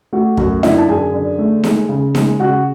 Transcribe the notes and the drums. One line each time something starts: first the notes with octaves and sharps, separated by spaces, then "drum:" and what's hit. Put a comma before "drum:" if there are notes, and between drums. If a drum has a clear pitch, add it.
A3 F#4 F#5
F#2 F#4 F#5, drum: kick
D3 E4 E5, drum: snare D#4
A5
F#2 G#4 G#5
D3
A3
G#3, drum: snare D#4
C#3
G#3, drum: snare D#4
C#3 F#4 F#5